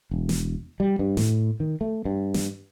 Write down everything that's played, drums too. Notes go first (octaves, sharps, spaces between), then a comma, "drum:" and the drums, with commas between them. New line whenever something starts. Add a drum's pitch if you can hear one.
E1
drum: snare
G3
G2
A2, drum: snare
D#3
A3
G2
drum: snare